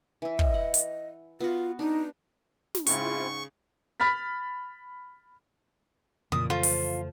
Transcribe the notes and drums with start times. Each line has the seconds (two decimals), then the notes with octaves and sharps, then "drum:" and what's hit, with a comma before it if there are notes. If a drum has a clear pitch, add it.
0.22 E3 E4
0.39 D#5, drum: kick
0.54 F#5
0.74 drum: hi-hat
1.40 B3 F4 F#4
1.79 D4 D#4
2.75 drum: snare
2.87 G#2 C#3 C4 E4 F4 C#6, drum: hi-hat
4.00 B5 F6 A6 B6
6.32 F2 A#2 C#3 E3 D#6
6.50 F3 A3 F4
6.63 drum: open hi-hat